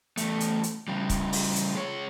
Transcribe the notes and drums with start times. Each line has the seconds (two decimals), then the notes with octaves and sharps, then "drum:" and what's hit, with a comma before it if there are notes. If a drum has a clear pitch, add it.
0.17 E2 A3, drum: hi-hat
0.40 drum: hi-hat
0.63 drum: hi-hat
0.88 C#3 G3
1.09 drum: kick C#1, hi-hat
1.33 drum: open hi-hat
1.56 drum: hi-hat
1.75 G#3 C#5